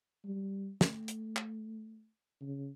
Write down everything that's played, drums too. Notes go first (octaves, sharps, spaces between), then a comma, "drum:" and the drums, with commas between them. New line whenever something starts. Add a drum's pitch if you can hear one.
G3
A3, drum: snare
drum: hi-hat
drum: clap
C#3